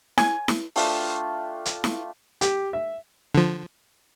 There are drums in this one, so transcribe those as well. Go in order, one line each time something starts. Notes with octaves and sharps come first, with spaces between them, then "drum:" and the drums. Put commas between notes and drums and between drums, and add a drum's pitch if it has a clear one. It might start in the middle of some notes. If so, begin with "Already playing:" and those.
G#5, drum: snare E4
drum: snare E4
A3 D4 F4 G5, drum: open hi-hat
drum: hi-hat
drum: snare E4
G4, drum: hi-hat
E5
D3 F3